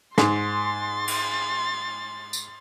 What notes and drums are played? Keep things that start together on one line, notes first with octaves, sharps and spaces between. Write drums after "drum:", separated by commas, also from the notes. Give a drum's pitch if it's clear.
G#2 C6 A6, drum: snare
drum: cymbal
drum: tambourine